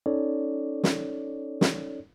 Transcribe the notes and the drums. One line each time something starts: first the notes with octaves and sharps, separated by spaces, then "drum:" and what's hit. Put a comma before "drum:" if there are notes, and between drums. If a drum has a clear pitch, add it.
C#4 D#4 A4 C#5 D5
drum: snare
drum: snare